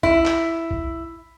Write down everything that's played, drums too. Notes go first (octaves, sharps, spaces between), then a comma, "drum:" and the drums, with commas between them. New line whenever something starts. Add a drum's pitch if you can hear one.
E4, drum: kick
drum: clap
drum: kick